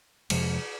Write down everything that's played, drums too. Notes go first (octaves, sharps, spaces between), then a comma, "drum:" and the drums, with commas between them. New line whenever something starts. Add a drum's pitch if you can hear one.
F2 C3 F3 G#3, drum: cymbal